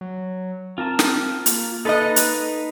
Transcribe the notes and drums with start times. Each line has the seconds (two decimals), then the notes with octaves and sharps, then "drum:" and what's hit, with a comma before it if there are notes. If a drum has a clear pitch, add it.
0.01 F#3
0.78 C4 F4 A#4 A5
0.99 drum: snare
1.46 A#3, drum: hi-hat
1.85 D#4 A4 B4 D#5 F#6
2.16 drum: hi-hat